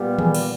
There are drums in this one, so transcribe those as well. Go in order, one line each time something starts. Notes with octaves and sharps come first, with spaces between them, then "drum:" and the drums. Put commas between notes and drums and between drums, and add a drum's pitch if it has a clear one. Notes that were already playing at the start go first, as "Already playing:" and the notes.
Already playing: A#2 G3 B3
G#4, drum: tom D#3
drum: cymbal